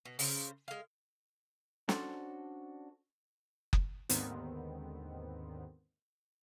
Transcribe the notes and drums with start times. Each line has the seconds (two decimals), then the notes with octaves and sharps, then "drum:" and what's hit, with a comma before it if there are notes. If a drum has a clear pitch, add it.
0.05 B2
0.19 C#3 C5, drum: open hi-hat
0.68 G#3 F5
1.89 C#4 D4 F#4 A4 C5, drum: snare
3.73 drum: kick F#1
4.09 D#2 G#2 D3 D#3 B3 C4, drum: hi-hat